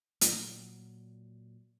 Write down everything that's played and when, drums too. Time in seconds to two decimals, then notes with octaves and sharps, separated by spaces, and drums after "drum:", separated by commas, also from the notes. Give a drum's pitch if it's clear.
0.21 A#2 F#3, drum: hi-hat